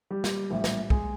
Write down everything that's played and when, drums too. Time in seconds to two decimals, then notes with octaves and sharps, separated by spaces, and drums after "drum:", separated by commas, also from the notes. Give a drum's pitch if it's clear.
0.11 G3 G4
0.24 drum: snare
0.50 A#1 A2 E3 G3
0.64 drum: snare
0.90 G#3 G#4, drum: kick